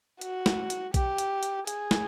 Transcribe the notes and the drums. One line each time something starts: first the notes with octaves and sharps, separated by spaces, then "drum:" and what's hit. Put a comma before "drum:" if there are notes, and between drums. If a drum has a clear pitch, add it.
F#4, drum: hi-hat
drum: snare
drum: hi-hat
G4, drum: kick A#1, hi-hat
drum: hi-hat
drum: hi-hat
G#4, drum: hi-hat
drum: snare